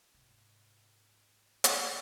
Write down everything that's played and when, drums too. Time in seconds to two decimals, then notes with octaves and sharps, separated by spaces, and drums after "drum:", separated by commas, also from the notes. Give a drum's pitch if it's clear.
0.14 G#2 C3
1.64 drum: hi-hat